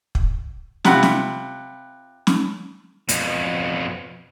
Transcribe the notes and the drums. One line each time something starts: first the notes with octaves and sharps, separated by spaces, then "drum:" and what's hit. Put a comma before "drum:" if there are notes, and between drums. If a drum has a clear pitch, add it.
drum: kick
C3 F4 F#5 B5, drum: snare
drum: snare
drum: snare
F2 B2, drum: hi-hat